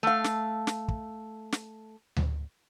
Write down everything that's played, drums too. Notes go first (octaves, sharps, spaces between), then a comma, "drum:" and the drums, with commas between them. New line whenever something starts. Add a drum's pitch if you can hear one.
A3 F5
drum: snare
drum: snare
drum: kick
drum: snare
drum: tom D2